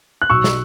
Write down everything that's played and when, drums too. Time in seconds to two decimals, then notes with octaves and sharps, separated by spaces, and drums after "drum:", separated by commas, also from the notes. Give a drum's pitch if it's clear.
0.22 F#6
0.30 B1 C#6 E6
0.44 drum: snare